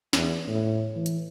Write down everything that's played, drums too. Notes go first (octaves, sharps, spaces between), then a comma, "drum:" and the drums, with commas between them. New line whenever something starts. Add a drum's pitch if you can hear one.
E2, drum: snare
A2
E3
drum: hi-hat